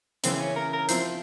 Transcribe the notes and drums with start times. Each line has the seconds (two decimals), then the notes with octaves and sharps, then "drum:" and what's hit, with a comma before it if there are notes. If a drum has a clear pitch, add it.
0.24 C#3 E3 A#3 C4 E4, drum: hi-hat
0.34 C4
0.40 C#4
0.56 A#4
0.73 A#4
0.89 F3 C4 E4 C5, drum: hi-hat